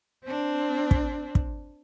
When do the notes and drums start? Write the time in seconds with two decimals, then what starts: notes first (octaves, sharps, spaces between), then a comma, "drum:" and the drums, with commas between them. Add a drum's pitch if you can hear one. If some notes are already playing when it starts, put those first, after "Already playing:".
0.24 C4 D4
0.91 drum: kick
1.35 drum: kick